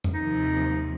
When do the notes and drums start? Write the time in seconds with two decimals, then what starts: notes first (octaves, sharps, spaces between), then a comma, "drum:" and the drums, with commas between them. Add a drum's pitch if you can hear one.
0.04 drum: tom F2
0.14 D#2 C3 F3 D#4